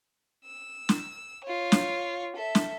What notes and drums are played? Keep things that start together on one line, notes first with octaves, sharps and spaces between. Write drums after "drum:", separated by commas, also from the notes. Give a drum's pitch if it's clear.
E6
drum: snare
F4 C#5
drum: snare
A4 E5
drum: snare